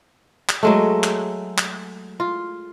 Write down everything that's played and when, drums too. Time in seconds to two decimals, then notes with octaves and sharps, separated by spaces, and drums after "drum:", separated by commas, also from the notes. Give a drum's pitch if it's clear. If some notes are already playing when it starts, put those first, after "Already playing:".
0.49 drum: clap
0.63 F#3 G#3 A3
1.04 drum: clap
1.58 drum: clap
2.20 F4